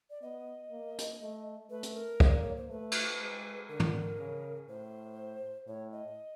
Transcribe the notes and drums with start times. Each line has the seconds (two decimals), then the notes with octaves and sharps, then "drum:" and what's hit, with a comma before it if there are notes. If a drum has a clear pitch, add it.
0.10 D5
0.22 B3 D#5
0.71 A#3
0.98 drum: hi-hat
1.21 A3
1.70 A3 B4
1.83 drum: hi-hat
1.95 A#4
2.20 A#3, drum: kick
2.29 D5
2.42 C#5
2.56 C5
2.70 A3 B4
2.92 drum: cymbal
3.20 G#3
3.69 D3 A#4
3.80 drum: tom
4.19 C#3
4.68 A2 C5
5.67 A2 C#5
5.92 D#5